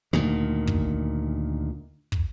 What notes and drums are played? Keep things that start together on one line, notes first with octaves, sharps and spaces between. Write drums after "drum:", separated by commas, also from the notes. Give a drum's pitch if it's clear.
D2 A#2 D#3
drum: kick
drum: kick